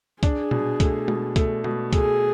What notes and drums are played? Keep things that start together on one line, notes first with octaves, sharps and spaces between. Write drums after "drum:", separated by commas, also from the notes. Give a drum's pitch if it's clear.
D4 G#4, drum: kick C2, hi-hat
B2, drum: tom A#2
A3, drum: kick C2, hi-hat
B2, drum: tom
A3, drum: kick C2, hi-hat
B2, drum: tom
A3 G#4, drum: kick C2, hi-hat